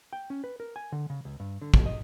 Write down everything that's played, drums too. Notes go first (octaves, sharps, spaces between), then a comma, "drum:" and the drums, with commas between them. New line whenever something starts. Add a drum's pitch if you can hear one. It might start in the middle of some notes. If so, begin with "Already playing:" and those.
G5
C#4
B4
A#4
G#5
D3
C#3
C#2
G2
D3
B2, drum: kick
D#5